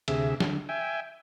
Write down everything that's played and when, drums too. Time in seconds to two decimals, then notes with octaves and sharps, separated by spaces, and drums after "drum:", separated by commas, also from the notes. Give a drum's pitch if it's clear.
0.08 D2 C3 G#4 E5, drum: cymbal
0.40 D3, drum: snare
0.69 E5 G5 G#5